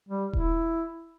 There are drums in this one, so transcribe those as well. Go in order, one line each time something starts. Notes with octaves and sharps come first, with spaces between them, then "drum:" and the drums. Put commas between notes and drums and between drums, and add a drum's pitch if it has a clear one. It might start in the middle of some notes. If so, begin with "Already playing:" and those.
G3
E4, drum: kick D#1